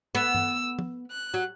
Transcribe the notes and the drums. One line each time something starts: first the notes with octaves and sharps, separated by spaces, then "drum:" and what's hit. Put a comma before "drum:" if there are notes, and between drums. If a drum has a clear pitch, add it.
B3 E6
drum: tom G2
drum: tom
F#6
F#3